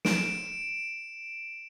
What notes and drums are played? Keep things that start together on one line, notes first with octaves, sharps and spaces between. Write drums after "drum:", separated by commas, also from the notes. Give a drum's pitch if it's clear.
D7 E7, drum: snare